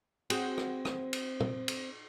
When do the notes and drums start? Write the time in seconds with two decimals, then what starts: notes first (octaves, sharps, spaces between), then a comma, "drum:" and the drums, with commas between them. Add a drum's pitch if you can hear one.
0.30 C4 F#4 G#4, drum: cymbal
0.58 drum: rim click
0.85 drum: rim click
1.13 drum: cymbal
1.40 drum: tom A#2
1.68 drum: cymbal